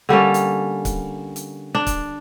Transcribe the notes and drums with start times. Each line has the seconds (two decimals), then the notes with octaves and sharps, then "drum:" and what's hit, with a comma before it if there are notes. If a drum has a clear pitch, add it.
0.09 D3 G3 A#3 C#4
0.34 drum: hi-hat
0.85 drum: kick C#1, hi-hat
1.36 drum: hi-hat
1.75 D4
1.87 drum: kick C#1, hi-hat